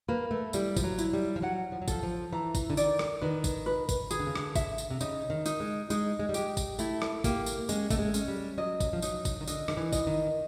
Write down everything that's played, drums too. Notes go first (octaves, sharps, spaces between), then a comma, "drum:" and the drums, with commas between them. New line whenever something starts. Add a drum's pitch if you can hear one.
A#3 B4
A3
G3 E4, drum: tambourine
F3, drum: kick, tambourine
F#3
E4, drum: tambourine
G3
F3
F#3 F#5
F3
F#3
F3 A4, drum: kick, tambourine
F3
E3 A#5
drum: kick, tambourine
D3
D#3 D5, drum: tambourine
drum: rim click
D#3 B4
drum: kick, tambourine
B4
drum: kick, tambourine
D#3 G#4, drum: tambourine
D3
C#3
D3, drum: rim click
E5, drum: kick, tambourine
drum: tambourine
C3
C#3 D#4, drum: tambourine
D#3
D#4, drum: tambourine
G#3
G#3 D#4, drum: tambourine
G#3
G3
G#3 G4, drum: tambourine
drum: kick, tambourine
A3 E4, drum: tambourine
drum: rim click
A#3 G4, drum: kick, tambourine
drum: tambourine
G#3 C#4, drum: tambourine
A3, drum: kick, tambourine
G#3
C#4, drum: tambourine
G3
F#3 D#5
drum: kick, tambourine
F3
F#3 D#4, drum: tambourine
drum: kick, tambourine
D#3
D3 D#5, drum: tambourine
D#3, drum: rim click
E3
D#5, drum: kick, tambourine
D#3